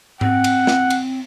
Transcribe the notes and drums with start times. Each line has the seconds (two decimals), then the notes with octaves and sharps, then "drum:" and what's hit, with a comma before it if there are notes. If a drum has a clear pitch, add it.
0.21 C4 F#5, drum: tom G#2
0.44 drum: cymbal
0.67 drum: snare
0.90 drum: cymbal